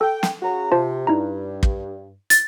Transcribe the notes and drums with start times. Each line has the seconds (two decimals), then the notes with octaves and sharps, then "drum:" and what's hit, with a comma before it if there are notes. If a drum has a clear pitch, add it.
0.01 A4 G5
0.23 drum: snare
0.42 C#3 F#4 A#5
0.72 C3 F4 C5 A5
1.07 G2 D#4 E4 A#5
1.63 drum: kick
2.30 A6, drum: hi-hat